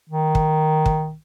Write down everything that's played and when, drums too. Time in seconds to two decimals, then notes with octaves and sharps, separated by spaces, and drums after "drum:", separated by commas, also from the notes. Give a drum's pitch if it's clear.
0.09 D#3
0.35 drum: kick
0.86 drum: kick